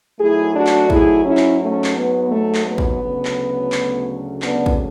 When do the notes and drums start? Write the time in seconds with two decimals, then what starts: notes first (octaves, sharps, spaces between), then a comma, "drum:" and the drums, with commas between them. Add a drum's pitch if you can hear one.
0.19 G#2 F#3 A3 E4 G#4
0.55 D4 F#4
0.67 drum: clap
0.90 E4 G#4, drum: kick
1.25 C#4 E4
1.37 drum: clap
1.61 A3 C#4
1.84 drum: clap
1.96 B3
2.30 A3
2.55 drum: clap
2.66 B3
2.78 drum: kick
3.02 D2 C#3 F#3 A3
3.25 drum: clap
3.72 drum: clap
4.42 B3 D4, drum: clap
4.66 drum: kick